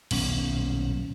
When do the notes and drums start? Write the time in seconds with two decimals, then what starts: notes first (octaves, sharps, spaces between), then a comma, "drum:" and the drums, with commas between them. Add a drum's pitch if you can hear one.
0.11 D#1 B1 C#4, drum: cymbal